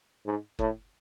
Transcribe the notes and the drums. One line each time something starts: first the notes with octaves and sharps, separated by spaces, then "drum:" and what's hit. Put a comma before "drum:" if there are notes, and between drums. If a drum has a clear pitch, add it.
G#2
A2, drum: kick F#1